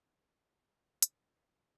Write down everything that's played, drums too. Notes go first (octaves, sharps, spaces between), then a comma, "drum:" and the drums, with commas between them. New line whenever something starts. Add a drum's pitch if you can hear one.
B5
C#6
E6
D#6, drum: hi-hat